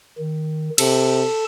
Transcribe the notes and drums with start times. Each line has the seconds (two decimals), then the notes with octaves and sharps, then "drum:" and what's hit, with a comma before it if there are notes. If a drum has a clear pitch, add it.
0.18 D#3
0.78 C3 A4 A5, drum: cymbal